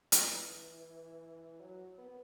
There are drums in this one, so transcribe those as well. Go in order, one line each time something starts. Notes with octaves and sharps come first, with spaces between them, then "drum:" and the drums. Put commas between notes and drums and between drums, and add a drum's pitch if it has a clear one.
E3, drum: hi-hat
F#3
B3
B3